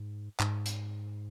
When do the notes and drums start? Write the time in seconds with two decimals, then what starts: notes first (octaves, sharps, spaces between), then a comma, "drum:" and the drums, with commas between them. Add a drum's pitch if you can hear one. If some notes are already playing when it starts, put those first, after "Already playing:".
Already playing: G#2
0.40 G#2, drum: clap
0.66 drum: hi-hat